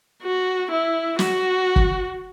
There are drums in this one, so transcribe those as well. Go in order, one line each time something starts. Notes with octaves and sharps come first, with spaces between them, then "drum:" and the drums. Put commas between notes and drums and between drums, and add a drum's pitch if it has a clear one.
F#4
E4
F#4, drum: snare
drum: kick